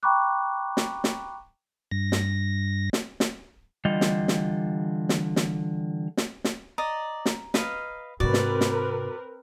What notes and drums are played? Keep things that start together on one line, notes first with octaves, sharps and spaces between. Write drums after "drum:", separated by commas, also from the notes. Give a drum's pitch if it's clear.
G5 A#5 B5 C#6 D6 F#6
drum: snare
drum: snare
G2 A#6
drum: snare
drum: snare
drum: snare
D3 E3 G3 F4 D#5
drum: snare
drum: snare
drum: snare
drum: snare
drum: snare
drum: snare
D5 D#5 A#5
drum: snare
B4 D#5 F5, drum: snare
G#2 C3 C4 F#4 A#4 B4 D5
drum: snare
drum: snare